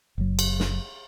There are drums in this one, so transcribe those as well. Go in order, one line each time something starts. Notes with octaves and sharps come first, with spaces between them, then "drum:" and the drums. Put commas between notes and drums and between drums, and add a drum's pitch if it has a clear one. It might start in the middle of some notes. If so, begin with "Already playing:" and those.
F#1 F#3
drum: cymbal
drum: snare